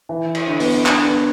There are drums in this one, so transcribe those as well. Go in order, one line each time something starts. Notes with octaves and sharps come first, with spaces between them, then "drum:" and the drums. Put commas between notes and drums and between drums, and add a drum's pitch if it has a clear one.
E3
drum: cymbal
D3
B3, drum: open hi-hat
D4, drum: clap
B3